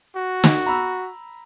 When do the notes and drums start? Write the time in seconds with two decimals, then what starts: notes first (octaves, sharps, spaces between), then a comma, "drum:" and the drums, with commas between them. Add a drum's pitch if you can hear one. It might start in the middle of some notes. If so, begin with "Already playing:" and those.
0.16 F#4
0.44 drum: snare
0.66 A#5 B5 E6